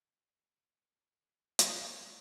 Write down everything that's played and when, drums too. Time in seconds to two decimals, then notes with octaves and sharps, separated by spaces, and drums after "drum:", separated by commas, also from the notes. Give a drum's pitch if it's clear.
0.03 F#4 G#4 D#5 F#5 G5
0.82 E4 G#4 A#4 B4 C#5 D5
1.59 drum: hi-hat